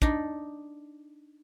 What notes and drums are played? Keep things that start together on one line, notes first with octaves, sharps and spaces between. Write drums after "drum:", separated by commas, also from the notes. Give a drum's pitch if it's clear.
D4 D#4, drum: kick